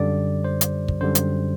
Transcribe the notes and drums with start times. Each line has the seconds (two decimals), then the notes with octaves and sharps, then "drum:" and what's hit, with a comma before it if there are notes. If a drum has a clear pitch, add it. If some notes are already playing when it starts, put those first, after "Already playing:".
Already playing: F#2 D3 G3 D5
0.44 C5
0.61 drum: hi-hat
0.88 drum: kick
1.01 F#2 D3 G3 C5
1.15 drum: hi-hat